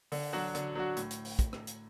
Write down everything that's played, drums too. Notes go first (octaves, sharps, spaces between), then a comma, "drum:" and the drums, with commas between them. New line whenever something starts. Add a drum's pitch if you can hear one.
D3, drum: open hi-hat
F#3 D4 F#4
D3, drum: hi-hat
F#3 D4 F#4
A2, drum: hi-hat
drum: hi-hat
drum: open hi-hat
drum: kick, hi-hat
drum: rim click
drum: hi-hat